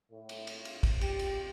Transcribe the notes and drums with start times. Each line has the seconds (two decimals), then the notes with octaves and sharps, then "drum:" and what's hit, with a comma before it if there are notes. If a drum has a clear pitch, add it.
0.11 A2
0.29 drum: cymbal
0.47 drum: cymbal
0.65 drum: cymbal
0.83 drum: kick, cymbal
1.01 G4, drum: cymbal
1.19 drum: cymbal